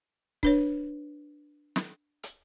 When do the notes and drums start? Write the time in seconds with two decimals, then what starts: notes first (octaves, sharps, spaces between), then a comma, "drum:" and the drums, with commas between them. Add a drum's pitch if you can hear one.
0.43 D4 B4 C#5, drum: kick C#1
1.76 drum: snare
2.23 drum: hi-hat